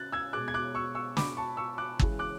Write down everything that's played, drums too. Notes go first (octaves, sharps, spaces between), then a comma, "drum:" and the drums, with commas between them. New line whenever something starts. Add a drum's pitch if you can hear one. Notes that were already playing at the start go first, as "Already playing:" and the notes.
Already playing: C#3 F#6 A6
E6 G#6
B2 G#3 D6 F#6
G#6
D6 F#6
C#6 E6
C#6 E6
B5 D6, drum: snare
A5 C#6
C#6 E6
D6 F#6
C#3 E3 G#3, drum: kick
D6 F#6